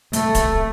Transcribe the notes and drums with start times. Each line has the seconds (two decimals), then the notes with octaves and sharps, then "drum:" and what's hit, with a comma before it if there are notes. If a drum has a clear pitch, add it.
0.13 A3, drum: hi-hat
0.35 drum: kick, hi-hat